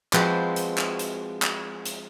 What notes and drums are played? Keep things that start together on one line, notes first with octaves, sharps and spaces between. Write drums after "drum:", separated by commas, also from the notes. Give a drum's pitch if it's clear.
F3 G#3 C4 F#4 B4 C5, drum: clap
drum: hi-hat
drum: clap
drum: hi-hat
drum: clap
drum: hi-hat